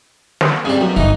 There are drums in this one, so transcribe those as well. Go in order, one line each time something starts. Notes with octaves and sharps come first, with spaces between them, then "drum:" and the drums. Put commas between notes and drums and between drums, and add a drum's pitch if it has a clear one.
drum: snare
G2 G3 C4 C#4 G#4
F#2 F#4 B4
G1 E3 D#4 D#5